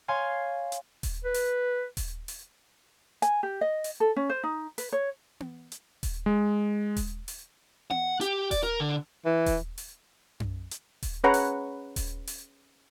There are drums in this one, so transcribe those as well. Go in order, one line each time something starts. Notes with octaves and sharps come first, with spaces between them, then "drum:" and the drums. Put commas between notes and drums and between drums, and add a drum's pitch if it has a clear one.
C#5 F5 G#5 C6
drum: hi-hat
drum: kick D#1, open hi-hat
B4
drum: open hi-hat
drum: kick D#1, open hi-hat
drum: open hi-hat
G#5, drum: hi-hat
G4
D#5
drum: open hi-hat
A4
C#4
C5
D#4
B4, drum: open hi-hat
C#5
drum: tom B3
drum: hi-hat
drum: kick D#1, open hi-hat
G#3
drum: kick D#1, open hi-hat
drum: open hi-hat
F#5, drum: tom B3
G4, drum: hi-hat
D5, drum: kick D#1, open hi-hat
A#4
D3
E3
drum: kick D#1, open hi-hat
drum: open hi-hat
drum: tom F#2
drum: hi-hat
drum: kick D#1, open hi-hat
C#4 G#4 B4 C#5 F#5 A#5
drum: open hi-hat
drum: kick D#1, open hi-hat
drum: open hi-hat